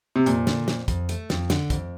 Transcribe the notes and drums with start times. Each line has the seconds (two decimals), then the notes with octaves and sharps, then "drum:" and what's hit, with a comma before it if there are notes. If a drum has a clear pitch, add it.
0.16 C3
0.26 F2 A#2, drum: hi-hat
0.47 D3, drum: snare
0.68 F2, drum: snare
0.88 F2, drum: kick, hi-hat
1.09 A3, drum: hi-hat
1.30 F2, drum: snare
1.50 D3, drum: snare
1.70 F2, drum: kick, hi-hat